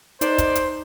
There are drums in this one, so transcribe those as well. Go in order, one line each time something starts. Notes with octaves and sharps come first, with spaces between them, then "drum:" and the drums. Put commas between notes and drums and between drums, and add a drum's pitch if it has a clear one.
D#4 A4 B4 C5 D5, drum: hi-hat
drum: kick, hi-hat
drum: hi-hat